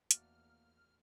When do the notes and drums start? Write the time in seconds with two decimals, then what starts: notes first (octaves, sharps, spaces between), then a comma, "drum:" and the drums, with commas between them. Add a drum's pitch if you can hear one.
0.11 E2 A3 A#3 F#4 D5 F6, drum: hi-hat